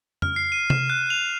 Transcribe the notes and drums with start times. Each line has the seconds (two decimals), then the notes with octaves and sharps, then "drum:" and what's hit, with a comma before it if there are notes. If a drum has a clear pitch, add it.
0.22 F6, drum: tom
0.36 C7
0.52 D#7
0.70 E7, drum: tom C3
0.90 F#6
1.10 F7